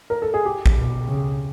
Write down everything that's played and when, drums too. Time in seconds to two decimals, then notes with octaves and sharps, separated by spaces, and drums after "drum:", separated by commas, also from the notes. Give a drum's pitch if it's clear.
0.10 A#4
0.22 A4
0.34 G#4
0.45 G4
0.66 drum: kick A1
0.76 B2
1.08 C#3